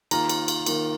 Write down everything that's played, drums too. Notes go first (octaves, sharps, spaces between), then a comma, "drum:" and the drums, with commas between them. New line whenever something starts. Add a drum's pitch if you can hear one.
D#3 A#3 F4 A#5, drum: cymbal
drum: cymbal
drum: cymbal
D#3 A#3 F4, drum: cymbal